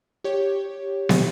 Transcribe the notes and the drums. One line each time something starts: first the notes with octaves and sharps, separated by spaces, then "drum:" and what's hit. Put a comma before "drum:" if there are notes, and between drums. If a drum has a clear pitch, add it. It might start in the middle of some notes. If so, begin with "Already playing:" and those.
G4 C#5
drum: snare